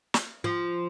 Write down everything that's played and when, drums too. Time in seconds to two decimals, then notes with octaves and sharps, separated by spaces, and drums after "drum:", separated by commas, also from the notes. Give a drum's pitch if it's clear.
0.14 drum: snare
0.44 F3